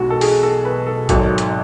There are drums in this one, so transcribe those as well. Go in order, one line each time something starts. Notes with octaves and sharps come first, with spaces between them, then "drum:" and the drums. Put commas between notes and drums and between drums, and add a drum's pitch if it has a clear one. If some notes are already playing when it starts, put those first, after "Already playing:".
Already playing: B1 B2 G#3 F#4
A4
G#4, drum: open hi-hat
A4
B4
A4
G#1 G#2 F#3 A4, drum: kick A1, hi-hat
drum: hi-hat